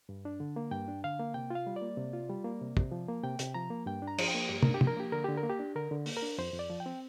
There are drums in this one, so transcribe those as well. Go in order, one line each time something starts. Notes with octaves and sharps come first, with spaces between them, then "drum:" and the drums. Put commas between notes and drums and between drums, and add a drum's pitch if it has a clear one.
G2
D4
D3
A#3
G2 G5
D4
D3 F5
A#3
C3 G5
F4 F5
G3
D5
A#3
C3
F4
G3
A#3
C3
C3, drum: kick
F3
A#3
C3 G5
C3, drum: hi-hat
F3 A#5
A#3
G2 G5
D4
A#5
F3, drum: cymbal
G5
A#3
G2 G4
D4 A#4, drum: tom
G4
F3, drum: tom
A#4
A#3 G4
D3 A#4
D3 G4
A#4
A#3
G4
D4
D3 A#4
D3
A#3, drum: open hi-hat
A#4
D4
F2 C5
F2
D5
F3
G5
C4